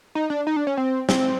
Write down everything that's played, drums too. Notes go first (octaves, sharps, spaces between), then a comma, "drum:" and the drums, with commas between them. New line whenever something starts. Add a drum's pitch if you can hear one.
D#4
D4
D#4
D4
C#4
C4
C4, drum: snare